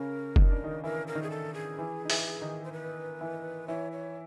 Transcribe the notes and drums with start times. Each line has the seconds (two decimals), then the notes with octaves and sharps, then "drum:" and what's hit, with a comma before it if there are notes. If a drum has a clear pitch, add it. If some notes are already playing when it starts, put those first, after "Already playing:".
Already playing: C#3 C#4 A#4
0.36 D#4, drum: kick F#1
0.50 D4
0.64 D#3 D#4
0.84 E3 E4 A#4
1.07 A#4
1.15 D#3 D#4
1.23 G#4
1.30 A4
1.54 G#4
1.78 E3 E4
2.05 D#4
2.10 E3 E4, drum: open hi-hat
2.41 D#3 D#4
2.64 C5
2.73 B4
3.21 E3 E4
3.68 E3 E4 C#5
3.92 C#5